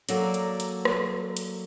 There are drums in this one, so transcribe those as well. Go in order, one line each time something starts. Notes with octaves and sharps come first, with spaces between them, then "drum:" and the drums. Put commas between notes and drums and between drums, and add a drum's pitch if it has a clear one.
F#3 A#3 A4 D5, drum: hi-hat
drum: hi-hat
drum: hi-hat
drum: rim click
drum: hi-hat